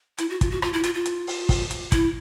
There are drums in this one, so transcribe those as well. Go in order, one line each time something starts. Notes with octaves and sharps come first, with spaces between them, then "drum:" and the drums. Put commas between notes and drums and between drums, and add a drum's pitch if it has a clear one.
E4, drum: hi-hat
F#4
F4, drum: kick, hi-hat
F#4
F4, drum: rim click
E4
F4, drum: hi-hat
F4
drum: hi-hat
drum: open hi-hat
drum: kick, open hi-hat
drum: hi-hat
E4, drum: kick, hi-hat